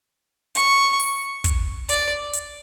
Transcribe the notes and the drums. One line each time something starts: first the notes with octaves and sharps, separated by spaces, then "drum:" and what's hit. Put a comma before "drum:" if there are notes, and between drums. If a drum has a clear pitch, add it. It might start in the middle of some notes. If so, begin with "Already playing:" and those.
C#6, drum: hi-hat
drum: open hi-hat
drum: kick, hi-hat
D5, drum: hi-hat
drum: hi-hat